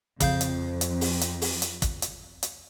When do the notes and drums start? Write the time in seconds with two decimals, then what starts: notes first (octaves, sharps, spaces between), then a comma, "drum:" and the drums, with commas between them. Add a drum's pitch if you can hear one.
0.20 F2 C#3 C4 F5 G6, drum: kick, hi-hat
0.41 drum: hi-hat
0.81 drum: hi-hat
1.01 drum: open hi-hat
1.21 drum: hi-hat
1.42 drum: open hi-hat
1.62 drum: hi-hat
1.82 drum: kick, hi-hat
2.02 drum: hi-hat
2.43 drum: hi-hat